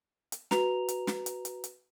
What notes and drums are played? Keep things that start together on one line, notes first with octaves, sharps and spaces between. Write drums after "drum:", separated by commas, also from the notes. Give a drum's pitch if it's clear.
drum: hi-hat
F#4 B4 A#5 F7, drum: snare
drum: hi-hat
drum: snare
drum: hi-hat
drum: hi-hat
drum: hi-hat